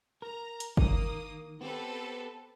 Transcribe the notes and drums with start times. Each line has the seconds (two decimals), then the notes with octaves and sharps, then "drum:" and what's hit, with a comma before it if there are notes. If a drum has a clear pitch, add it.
0.22 A#4 A#5
0.60 drum: hi-hat
0.77 D#3 A#3 D#6, drum: kick G1
1.61 B3 C4 G4 A4 B4